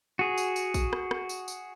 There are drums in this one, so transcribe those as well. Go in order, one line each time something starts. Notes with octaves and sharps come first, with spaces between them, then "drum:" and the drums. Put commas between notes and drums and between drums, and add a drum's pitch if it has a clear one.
F#4 G#4
drum: tambourine
drum: tambourine
drum: kick, tambourine
drum: rim click
drum: rim click
drum: tambourine
drum: tambourine